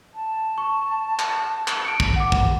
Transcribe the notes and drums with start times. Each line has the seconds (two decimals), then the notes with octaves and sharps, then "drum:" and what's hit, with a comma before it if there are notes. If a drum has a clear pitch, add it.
0.14 A5
0.58 C#6
1.19 drum: clap
1.68 drum: clap
1.85 C#7 D7
2.00 drum: kick
2.16 F#5 D6
2.32 drum: kick